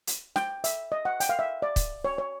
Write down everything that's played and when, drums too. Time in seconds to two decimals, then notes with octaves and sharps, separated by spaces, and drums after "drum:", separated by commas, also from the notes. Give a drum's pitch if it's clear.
0.07 drum: hi-hat
0.36 G5, drum: snare
0.64 E5, drum: hi-hat
0.92 D#5
1.05 F#5
1.20 G5, drum: hi-hat
1.29 F5
1.39 E5
1.62 D5
1.76 drum: kick, hi-hat
2.05 C#5
2.18 C#5